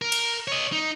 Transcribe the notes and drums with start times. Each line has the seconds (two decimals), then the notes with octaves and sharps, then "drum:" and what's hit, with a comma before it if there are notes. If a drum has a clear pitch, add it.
0.02 A#4
0.12 drum: cymbal
0.48 C#5 D#5
0.72 D#4